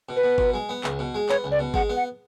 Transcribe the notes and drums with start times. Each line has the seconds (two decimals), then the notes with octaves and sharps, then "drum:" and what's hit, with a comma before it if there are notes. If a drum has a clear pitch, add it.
0.09 B2
0.16 B4
0.23 B2
0.38 B2, drum: kick G#1
0.54 G#3
0.69 B3
0.84 C#2, drum: clap
0.99 B2
1.14 G#3
1.29 B3 C#5, drum: clap
1.44 C#2
1.51 D5
1.59 B2
1.74 G#3 F#5, drum: kick G#1
1.89 B3
1.96 F#5